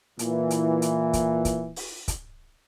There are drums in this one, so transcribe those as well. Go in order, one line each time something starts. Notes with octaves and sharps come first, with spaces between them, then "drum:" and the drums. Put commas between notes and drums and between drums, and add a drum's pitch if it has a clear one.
A#2 E3, drum: hi-hat
drum: hi-hat
drum: hi-hat
drum: kick, hi-hat
drum: kick, hi-hat
drum: open hi-hat
drum: kick, hi-hat